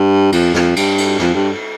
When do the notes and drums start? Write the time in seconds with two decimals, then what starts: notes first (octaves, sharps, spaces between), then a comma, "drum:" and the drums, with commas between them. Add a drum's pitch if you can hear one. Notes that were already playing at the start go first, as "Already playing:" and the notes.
Already playing: G2
0.32 F2, drum: cymbal
0.54 F2, drum: snare
0.76 G2, drum: cymbal
0.98 drum: cymbal
1.19 F2, drum: snare
1.34 G2